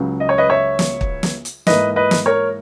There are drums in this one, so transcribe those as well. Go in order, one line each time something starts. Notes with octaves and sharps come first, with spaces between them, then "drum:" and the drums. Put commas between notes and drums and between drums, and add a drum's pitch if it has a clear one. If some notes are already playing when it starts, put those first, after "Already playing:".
Already playing: C#2 C#3 F#3
D#5
C#5
B4 D#5
C#5 E5
drum: snare
drum: kick
drum: snare
drum: hi-hat
G#2 E3 A#3 B4 D#5, drum: snare
B4 D#5
drum: snare
A#4 C#5